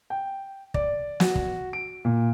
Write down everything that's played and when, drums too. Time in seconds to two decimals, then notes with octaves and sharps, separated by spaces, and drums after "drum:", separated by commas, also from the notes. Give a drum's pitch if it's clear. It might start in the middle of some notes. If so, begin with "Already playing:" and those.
0.10 G5
0.74 D5, drum: kick
1.20 F#4, drum: snare
1.35 drum: kick
1.73 D7
2.05 A#2